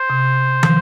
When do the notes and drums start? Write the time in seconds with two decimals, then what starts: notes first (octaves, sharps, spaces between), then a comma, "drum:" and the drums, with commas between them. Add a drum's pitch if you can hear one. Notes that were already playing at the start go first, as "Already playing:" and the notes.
Already playing: C5
0.10 C3
0.63 F3, drum: tom